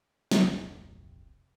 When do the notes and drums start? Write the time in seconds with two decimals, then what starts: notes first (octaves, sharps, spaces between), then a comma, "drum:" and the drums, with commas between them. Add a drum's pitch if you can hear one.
0.31 drum: snare
0.43 D1 A#1 F2 C3